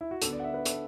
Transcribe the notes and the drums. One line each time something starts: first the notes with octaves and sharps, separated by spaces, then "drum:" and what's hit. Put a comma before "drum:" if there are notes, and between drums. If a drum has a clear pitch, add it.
E4
F#4
D3 B3 D4 A4, drum: hi-hat
D5
F#5
E5
B4
A4, drum: hi-hat